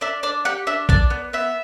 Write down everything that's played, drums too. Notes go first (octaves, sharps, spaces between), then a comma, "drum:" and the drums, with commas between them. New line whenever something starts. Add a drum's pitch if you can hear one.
D4 E5
D4 D5
G4 F#5
D4 E5
D4 D5, drum: kick A#1
B3
B3 E5